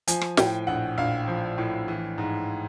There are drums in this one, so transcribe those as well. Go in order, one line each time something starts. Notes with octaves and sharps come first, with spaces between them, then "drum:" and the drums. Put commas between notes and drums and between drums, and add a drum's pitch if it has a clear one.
F3 G#5, drum: hi-hat
drum: rim click
A2 G5, drum: snare
A#1 F#5
A#1 F5
F3
A2
E3
G#2